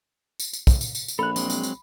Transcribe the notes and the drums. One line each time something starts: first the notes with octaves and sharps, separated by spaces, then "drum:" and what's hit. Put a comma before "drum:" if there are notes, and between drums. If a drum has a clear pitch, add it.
drum: tambourine
drum: tambourine
drum: kick, tambourine
drum: tambourine
drum: tambourine
drum: tambourine
A#1 A4 B5 F#6
F#3 G#3 C4, drum: tambourine
drum: tambourine
drum: tambourine